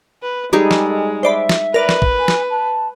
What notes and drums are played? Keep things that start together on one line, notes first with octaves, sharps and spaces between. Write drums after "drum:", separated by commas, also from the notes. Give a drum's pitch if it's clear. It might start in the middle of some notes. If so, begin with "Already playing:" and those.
B4
G3 G#3 D#4 G#4 A4
drum: snare
C5 D5 E5 B5
drum: snare
A#4 B4 D5
drum: snare
drum: kick
G#5
drum: snare
A5